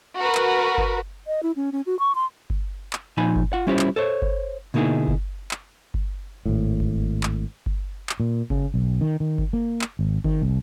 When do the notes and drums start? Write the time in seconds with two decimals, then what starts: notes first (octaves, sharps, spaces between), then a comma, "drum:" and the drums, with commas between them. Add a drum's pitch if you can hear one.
0.18 F#4 A#4 B4
0.35 drum: clap
0.78 drum: kick G1
1.27 D#5
1.43 E4
1.56 C#4
1.72 C#4
1.86 F#4
1.99 C#6
2.15 C6
2.50 drum: kick G1
2.93 drum: clap
3.17 A#2 F3 D#4 G#5 B5
3.36 drum: kick G1
3.53 F4 F#5
3.67 G3 C#4 E4 F4 G4 C5
3.79 drum: clap
3.96 A4 C5 C#5
4.22 drum: kick G1
4.74 B2 D3 A#3 D#4 E4 G#4
5.08 drum: kick G1
5.51 drum: clap
5.94 drum: kick G1
6.46 G#1 A2
6.80 drum: kick G1
7.23 drum: clap
7.66 drum: kick G1
8.09 drum: clap
8.20 A#2
8.50 C#3, drum: kick G1
8.74 B1
9.01 D#3
9.20 D#3
9.38 drum: kick G1
9.53 A#3
9.81 drum: clap
9.99 G#1
10.24 D#3, drum: kick G1
10.42 C2